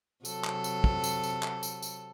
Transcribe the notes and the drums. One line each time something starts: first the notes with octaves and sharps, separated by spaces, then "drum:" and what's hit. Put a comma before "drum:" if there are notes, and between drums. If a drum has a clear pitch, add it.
C3 F#3 A4, drum: tambourine
drum: clap
drum: tambourine
drum: kick
drum: tambourine
drum: tambourine
drum: clap
drum: tambourine
drum: tambourine